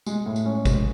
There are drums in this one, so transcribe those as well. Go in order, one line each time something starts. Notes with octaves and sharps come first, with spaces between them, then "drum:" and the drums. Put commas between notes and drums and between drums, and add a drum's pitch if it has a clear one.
G#3, drum: tambourine
A2
drum: tambourine
C#4
G#3, drum: kick, tambourine